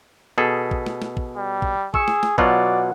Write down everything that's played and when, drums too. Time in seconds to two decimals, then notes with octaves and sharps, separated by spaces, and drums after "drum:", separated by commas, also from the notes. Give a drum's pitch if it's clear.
0.38 B2 G#4 A4 B6
0.71 drum: kick
0.86 drum: snare
1.02 drum: snare
1.17 drum: kick
1.37 G3
1.62 drum: kick
1.94 G#4 C#6 E6 C#7, drum: kick
2.08 drum: snare
2.23 drum: snare
2.38 B2 F#3 F4 D5 F#5, drum: kick